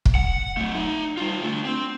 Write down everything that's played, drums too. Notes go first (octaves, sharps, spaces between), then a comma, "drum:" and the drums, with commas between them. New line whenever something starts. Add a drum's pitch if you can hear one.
drum: kick
F#5
F#3 A3
D#4 E5
G3 F4
A3 D4
C4